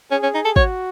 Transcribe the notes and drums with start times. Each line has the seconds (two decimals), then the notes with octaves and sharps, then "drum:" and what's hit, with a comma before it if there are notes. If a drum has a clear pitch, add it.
0.11 C#4 G#4
0.23 C#4
0.35 D#4
0.45 A4
0.56 F#4 C#5, drum: kick